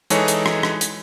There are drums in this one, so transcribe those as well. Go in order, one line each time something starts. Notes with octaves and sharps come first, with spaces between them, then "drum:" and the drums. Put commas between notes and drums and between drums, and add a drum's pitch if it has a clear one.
E3 G#3 D#4 G#4 A4 C#5, drum: hi-hat
drum: hi-hat
drum: rim click
drum: rim click
drum: hi-hat